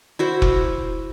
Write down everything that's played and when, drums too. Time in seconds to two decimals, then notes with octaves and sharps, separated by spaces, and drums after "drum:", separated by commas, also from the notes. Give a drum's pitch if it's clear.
0.19 E4 F#4 C5
0.42 drum: kick F1